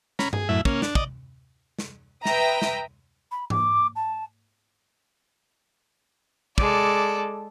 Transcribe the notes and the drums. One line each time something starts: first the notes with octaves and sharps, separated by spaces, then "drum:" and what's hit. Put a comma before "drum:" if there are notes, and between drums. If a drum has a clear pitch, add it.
C#4 A#5 B5, drum: snare
G#4, drum: tom G2
F#2 A2 E4 E5
A#3 C#4, drum: kick
D4, drum: snare
D5 D#5, drum: kick
drum: snare
B4 E5 G5 A#5 D#6, drum: snare
drum: snare
B5
D6, drum: tom G#2
A5
G#3 A4 D5 D6, drum: kick